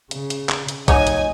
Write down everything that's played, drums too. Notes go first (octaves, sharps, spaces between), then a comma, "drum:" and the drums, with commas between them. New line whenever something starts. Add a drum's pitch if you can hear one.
C#3, drum: hi-hat
drum: hi-hat
drum: clap
drum: hi-hat
F1 F#3 D#4 C#5 D#5 G#5, drum: kick A#1, hi-hat
drum: hi-hat